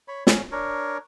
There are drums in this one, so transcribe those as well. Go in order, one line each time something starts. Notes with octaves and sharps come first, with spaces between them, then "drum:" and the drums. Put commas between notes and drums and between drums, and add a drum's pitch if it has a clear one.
C#5 B5
C#4, drum: snare
D4 A#4 C#5